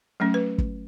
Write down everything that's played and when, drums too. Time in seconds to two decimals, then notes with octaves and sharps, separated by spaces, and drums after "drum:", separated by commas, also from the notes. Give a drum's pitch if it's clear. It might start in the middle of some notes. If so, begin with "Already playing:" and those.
0.20 F#3 A3 C#4
0.34 B4
0.58 drum: kick